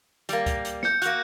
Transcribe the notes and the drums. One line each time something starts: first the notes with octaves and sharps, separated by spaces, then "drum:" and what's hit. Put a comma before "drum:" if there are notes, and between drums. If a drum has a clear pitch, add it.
G3 A#3, drum: hi-hat
drum: kick C#2, hi-hat
drum: hi-hat
G6 C#7, drum: snare
A#3 F#4 F#6, drum: hi-hat